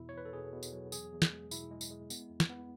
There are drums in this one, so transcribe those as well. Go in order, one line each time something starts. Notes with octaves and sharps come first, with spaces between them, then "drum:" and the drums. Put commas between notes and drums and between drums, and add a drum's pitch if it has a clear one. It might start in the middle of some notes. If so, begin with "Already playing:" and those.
Already playing: E2 B2 E4
C#5
E2 B4
A4
B2 G#4
B2
drum: tambourine
F#3
E2 G#4, drum: tambourine
E2
drum: snare
G#3
B2 E4, drum: tambourine
G#3
drum: tambourine
G#3
B3, drum: tambourine
E2
drum: snare
B3